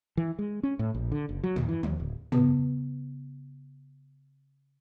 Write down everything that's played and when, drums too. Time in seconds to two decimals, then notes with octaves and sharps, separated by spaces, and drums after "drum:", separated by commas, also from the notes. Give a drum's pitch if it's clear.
0.17 E3
0.39 G#3
0.63 C#4
0.79 A2
0.94 A#1
1.12 D3
1.29 F#1
1.44 F#3
1.56 D#2, drum: tom
1.69 E3
1.83 D#2, drum: tom
2.00 D1
2.32 C#3 B3, drum: tom